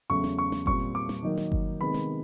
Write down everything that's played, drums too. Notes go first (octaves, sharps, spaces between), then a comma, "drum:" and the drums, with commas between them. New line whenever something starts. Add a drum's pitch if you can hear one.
E2 C#3 F#3 A3 C#4 C#6
drum: snare
C#6
drum: snare
A#2 G3 C4 C#6, drum: kick G1
D6
drum: snare
D#3 F#3 A#3 D#4
drum: snare
drum: kick G1
C3 D#3 G#3 B3 B5
drum: snare